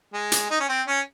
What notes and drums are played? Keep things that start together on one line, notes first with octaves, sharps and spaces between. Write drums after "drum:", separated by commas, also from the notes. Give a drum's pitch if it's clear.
G#3
drum: hi-hat
D#4
C#4
C4
C#4